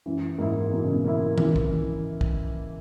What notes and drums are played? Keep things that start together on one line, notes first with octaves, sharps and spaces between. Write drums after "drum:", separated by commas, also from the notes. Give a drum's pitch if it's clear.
F#2 E3
G#2 A#3 E4
B2 E3
C#3
B2
A#3 E4
C#3 E3, drum: tom D#3
drum: kick
drum: kick